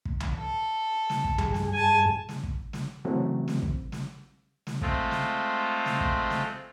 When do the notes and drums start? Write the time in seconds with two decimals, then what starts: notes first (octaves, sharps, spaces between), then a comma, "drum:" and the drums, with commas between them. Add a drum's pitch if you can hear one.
0.05 drum: kick
0.20 drum: tom C#2
0.38 A4
1.10 drum: snare
1.24 drum: kick
1.38 G2 G#4, drum: tom C#2
1.54 drum: snare
1.73 G#5 A5
2.29 drum: snare
2.43 drum: kick
2.73 drum: snare
3.05 C#3 E3 F#3 A3 C4
3.48 drum: snare
3.62 drum: kick
3.92 drum: snare
4.67 drum: snare
4.82 G#3 A3 C4 F4, drum: kick
5.11 drum: snare
5.86 drum: snare
6.01 drum: kick
6.30 drum: snare